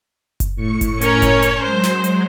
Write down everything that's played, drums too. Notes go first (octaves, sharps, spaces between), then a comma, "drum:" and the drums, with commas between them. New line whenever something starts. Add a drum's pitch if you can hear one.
drum: kick F#1, hi-hat
A2 C#6 C#7
drum: kick F#1, hi-hat
C#4 A#4 C#5, drum: hi-hat
drum: kick F#1, hi-hat
A5 C#6
drum: hi-hat
F#3 G#3 C5
drum: snare
drum: hi-hat